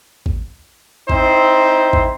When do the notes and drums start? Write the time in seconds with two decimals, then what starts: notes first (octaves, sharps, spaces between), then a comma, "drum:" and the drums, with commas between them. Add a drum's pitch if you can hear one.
0.26 drum: kick
1.10 C4 D#4 E4 C5, drum: kick
1.93 drum: kick